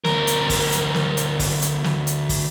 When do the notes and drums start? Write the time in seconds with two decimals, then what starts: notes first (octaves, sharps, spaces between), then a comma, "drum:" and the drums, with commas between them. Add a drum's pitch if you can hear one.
0.05 D2 A#4, drum: snare
0.27 drum: hi-hat
0.50 drum: kick, open hi-hat
0.72 drum: hi-hat
0.94 drum: snare
1.17 drum: hi-hat
1.39 drum: kick, open hi-hat
1.62 drum: hi-hat
1.84 drum: snare
2.07 drum: hi-hat
2.29 drum: kick, open hi-hat